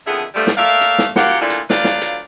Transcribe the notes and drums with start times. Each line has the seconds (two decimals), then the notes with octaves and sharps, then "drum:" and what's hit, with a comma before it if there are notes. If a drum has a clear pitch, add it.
0.07 F2 D3 D#3 B3 G#4 E5
0.34 G2 D3 F3 G3 A3
0.47 drum: snare
0.57 A3 A#3 D5 E5 F5
0.81 drum: hi-hat
0.99 drum: snare
1.16 F#2 A#3 F4 G4 F#5, drum: snare
1.40 A#2 D3 A3 D4 E4 F4
1.50 drum: hi-hat
1.70 D2 F#3 F4 B4 D5 F5, drum: snare
1.84 drum: snare
2.02 drum: hi-hat